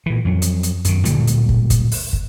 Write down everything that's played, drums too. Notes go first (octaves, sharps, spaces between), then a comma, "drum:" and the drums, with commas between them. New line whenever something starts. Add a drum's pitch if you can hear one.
A#2 E3
F2 F#3
drum: hi-hat
drum: hi-hat
F#2 D#3, drum: hi-hat
D1 A#2 D3 G3, drum: hi-hat
drum: hi-hat
drum: kick
drum: kick, hi-hat
drum: open hi-hat
drum: kick